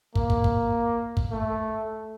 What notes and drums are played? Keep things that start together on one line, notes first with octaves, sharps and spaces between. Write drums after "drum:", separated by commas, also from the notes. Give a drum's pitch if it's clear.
A#3, drum: kick
drum: kick
drum: kick
drum: kick
A3